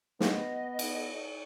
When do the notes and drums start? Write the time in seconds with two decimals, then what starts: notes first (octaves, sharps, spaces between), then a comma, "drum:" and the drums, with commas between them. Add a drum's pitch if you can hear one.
0.20 B3 D#5, drum: snare
0.79 drum: cymbal